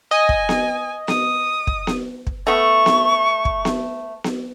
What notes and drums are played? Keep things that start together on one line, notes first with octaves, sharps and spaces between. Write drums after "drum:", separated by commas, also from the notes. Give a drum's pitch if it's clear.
D#5 G#5
drum: kick
drum: snare B3
D#6, drum: snare B3
drum: kick
drum: snare B3
drum: kick
A3 B3 C#6
drum: snare B3
drum: kick
drum: snare B3
drum: snare B3